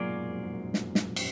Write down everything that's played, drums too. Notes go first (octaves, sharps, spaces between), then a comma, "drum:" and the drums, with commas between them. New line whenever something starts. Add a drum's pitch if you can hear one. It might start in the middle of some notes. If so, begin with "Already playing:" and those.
Already playing: G#2 B2 F#3 A#3 F4 G#4 D5
F#2 A#2
F2 G#2
G#2
F#2 A#2
drum: snare
drum: snare
drum: cymbal